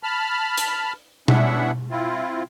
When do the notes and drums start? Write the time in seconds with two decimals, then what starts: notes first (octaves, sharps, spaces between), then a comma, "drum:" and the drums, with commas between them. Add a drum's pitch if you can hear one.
0.03 A5 B5 F6
0.57 drum: hi-hat
1.28 B3 C#4 D4 E4 E5 F#5, drum: tom B2
1.90 C4 E4 F4